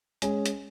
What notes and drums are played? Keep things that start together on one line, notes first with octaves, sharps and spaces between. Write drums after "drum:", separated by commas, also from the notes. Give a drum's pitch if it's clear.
G#3 C#4 G#4, drum: hi-hat
drum: hi-hat